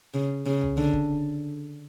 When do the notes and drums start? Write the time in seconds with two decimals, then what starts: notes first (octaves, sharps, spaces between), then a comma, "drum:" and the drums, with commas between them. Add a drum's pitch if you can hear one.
0.14 C#3
0.46 C#3
0.61 drum: tom C2
0.77 D3
0.93 drum: kick